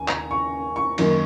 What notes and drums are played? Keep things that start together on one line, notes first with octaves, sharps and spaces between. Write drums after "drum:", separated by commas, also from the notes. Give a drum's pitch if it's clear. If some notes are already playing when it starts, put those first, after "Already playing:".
Already playing: D#2 G#5
A#5, drum: clap
C#6
C#6
F#2 D#3 A#3, drum: cymbal